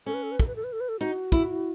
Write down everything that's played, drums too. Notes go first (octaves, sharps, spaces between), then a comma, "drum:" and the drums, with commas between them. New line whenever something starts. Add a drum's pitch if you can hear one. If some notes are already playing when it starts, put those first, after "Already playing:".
C#4 A4
B4
A4
B4
A4, drum: kick
B4
A4
B4
A4
B4
A4
D#4 F#4
E4, drum: kick